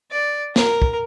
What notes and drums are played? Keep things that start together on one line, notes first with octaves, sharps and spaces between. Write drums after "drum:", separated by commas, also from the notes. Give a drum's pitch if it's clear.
D5
A#4, drum: snare
drum: kick